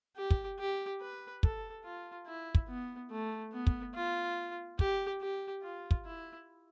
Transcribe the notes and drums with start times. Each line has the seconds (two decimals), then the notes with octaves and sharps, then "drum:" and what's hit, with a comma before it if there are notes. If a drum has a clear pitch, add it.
0.17 G4
0.31 drum: kick
0.59 G4
1.01 B4
1.43 A4, drum: kick
1.84 F4
2.27 E4
2.55 drum: kick
2.68 B3
3.11 A3
3.53 B3
3.67 drum: kick
3.95 F4
4.79 G4, drum: kick
5.21 G4
5.63 F4
5.91 drum: kick
6.05 E4